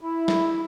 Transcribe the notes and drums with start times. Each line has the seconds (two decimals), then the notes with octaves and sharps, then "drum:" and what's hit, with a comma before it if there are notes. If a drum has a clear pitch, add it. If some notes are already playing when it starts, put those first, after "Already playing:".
0.01 E4
0.28 drum: snare